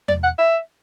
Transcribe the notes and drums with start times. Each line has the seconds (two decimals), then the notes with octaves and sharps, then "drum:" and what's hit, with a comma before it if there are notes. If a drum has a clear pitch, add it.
0.08 D5, drum: tom E2
0.23 F#5
0.38 E5